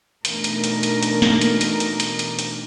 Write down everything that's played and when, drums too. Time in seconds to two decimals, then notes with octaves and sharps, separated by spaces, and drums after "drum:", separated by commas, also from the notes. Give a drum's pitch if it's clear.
0.25 B2 E3 A3 D4 D#4 A#4, drum: hi-hat
0.44 drum: hi-hat
0.64 drum: hi-hat
0.83 drum: hi-hat
1.03 drum: hi-hat
1.22 drum: snare
1.41 drum: hi-hat
1.61 drum: hi-hat
1.80 drum: hi-hat
2.00 drum: hi-hat
2.19 drum: hi-hat
2.39 drum: hi-hat